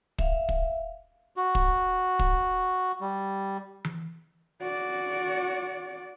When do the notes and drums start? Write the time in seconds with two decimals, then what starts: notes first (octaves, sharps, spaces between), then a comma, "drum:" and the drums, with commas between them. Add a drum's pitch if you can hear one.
0.19 E5 F5, drum: kick
0.49 drum: kick
1.36 F#4
1.55 drum: kick
2.19 drum: kick
3.01 G3
3.85 drum: tom E3
4.61 F#4 D5